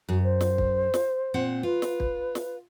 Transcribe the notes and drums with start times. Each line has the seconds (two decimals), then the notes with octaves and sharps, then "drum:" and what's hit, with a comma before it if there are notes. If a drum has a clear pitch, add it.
0.09 F#2 F#4
0.23 C5
0.41 drum: snare
0.58 drum: kick
0.94 drum: snare
1.34 A#2 C4 F#5
1.63 F4 B4
1.82 drum: snare
2.00 drum: kick
2.35 drum: snare